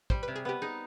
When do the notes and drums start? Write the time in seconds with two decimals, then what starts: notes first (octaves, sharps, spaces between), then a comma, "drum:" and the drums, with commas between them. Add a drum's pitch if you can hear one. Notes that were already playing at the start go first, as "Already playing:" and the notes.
0.10 G3 C5, drum: kick
0.23 C3 B4
0.36 G#4
0.45 B3 G4
0.62 D#4 G#4